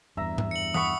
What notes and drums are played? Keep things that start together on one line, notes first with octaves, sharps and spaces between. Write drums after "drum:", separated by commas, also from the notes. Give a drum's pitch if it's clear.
E2 G2 E5 A#5
drum: tom G#2
C#7 F#7
F#5 B5 C#6 D#6, drum: tom E3